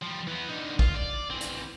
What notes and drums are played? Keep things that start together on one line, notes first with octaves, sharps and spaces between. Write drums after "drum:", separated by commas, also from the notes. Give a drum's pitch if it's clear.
F3 G3
E3 B3
D3 D#4
F4, drum: kick A#1
D5
E3 C4
drum: hi-hat